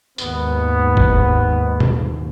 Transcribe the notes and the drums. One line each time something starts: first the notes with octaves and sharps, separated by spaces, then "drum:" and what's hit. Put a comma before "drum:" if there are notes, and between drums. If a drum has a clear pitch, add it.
D#2 G#2 B3, drum: tambourine
drum: kick F#1
drum: tom A#2